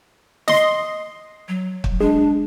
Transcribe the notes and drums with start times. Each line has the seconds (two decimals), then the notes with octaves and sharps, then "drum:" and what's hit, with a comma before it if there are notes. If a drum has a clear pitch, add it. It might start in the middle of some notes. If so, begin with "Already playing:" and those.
0.48 D#5 C6, drum: snare
1.48 F#3
1.84 drum: kick
2.01 G#3 D4